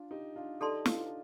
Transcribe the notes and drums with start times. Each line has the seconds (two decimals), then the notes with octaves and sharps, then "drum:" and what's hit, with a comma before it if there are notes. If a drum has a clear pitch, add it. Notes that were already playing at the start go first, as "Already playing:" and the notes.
Already playing: D4 F4
0.11 D#4 G4
0.36 D4 F4
0.60 D#4 G4 A4 D5 A5 C6
0.86 D4 F4, drum: snare